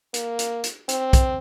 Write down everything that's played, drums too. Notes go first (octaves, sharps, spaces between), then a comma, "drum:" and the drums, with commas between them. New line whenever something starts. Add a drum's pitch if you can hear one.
A#3, drum: hi-hat
drum: hi-hat
drum: hi-hat
C4, drum: hi-hat
drum: kick, hi-hat